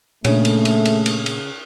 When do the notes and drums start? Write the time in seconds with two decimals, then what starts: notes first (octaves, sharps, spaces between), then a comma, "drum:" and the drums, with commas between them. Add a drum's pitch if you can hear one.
0.25 A#2 C#3 A3 A#3 D4, drum: cymbal
0.45 drum: cymbal
0.65 drum: cymbal
0.85 drum: cymbal
1.06 drum: cymbal
1.26 drum: cymbal